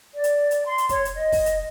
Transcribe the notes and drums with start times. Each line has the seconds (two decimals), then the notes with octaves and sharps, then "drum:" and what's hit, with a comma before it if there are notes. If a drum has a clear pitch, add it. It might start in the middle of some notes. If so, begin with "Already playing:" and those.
0.15 D5
0.24 drum: hi-hat
0.51 drum: hi-hat
0.64 C6
0.78 drum: hi-hat
0.89 C#5, drum: kick, hi-hat
1.05 drum: hi-hat
1.15 D#5
1.32 drum: kick, open hi-hat
1.46 drum: hi-hat